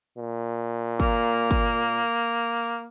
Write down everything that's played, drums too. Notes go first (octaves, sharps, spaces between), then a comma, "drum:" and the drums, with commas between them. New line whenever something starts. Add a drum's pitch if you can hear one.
A#2
A#3, drum: kick
drum: kick
drum: open hi-hat